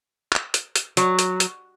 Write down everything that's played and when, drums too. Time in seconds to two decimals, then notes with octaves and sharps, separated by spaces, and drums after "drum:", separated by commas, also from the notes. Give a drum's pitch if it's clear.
0.32 drum: clap
0.54 drum: hi-hat
0.76 drum: hi-hat
0.97 F#3, drum: hi-hat
1.19 drum: hi-hat
1.40 drum: hi-hat